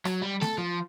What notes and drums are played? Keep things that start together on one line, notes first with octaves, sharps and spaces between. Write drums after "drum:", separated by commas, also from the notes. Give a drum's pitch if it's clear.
F#3, drum: rim click
G3
A4, drum: snare A3
F3